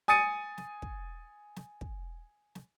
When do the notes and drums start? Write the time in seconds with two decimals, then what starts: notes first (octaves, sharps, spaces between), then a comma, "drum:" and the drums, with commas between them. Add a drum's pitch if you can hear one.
0.08 G#5 D#6 A6 C#7 D#7
0.58 drum: snare
0.82 drum: kick
1.56 drum: snare
1.81 drum: kick
2.55 drum: snare